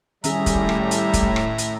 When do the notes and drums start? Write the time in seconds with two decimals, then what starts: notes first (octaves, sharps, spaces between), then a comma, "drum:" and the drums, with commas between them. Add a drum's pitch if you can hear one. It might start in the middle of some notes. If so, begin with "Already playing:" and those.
0.24 A2 D#3 G3 C#4 G#4 E5 A#5, drum: hi-hat
0.46 drum: kick, hi-hat
0.69 drum: rim click
0.91 drum: hi-hat
1.14 drum: kick, hi-hat
1.36 drum: rim click
1.58 drum: hi-hat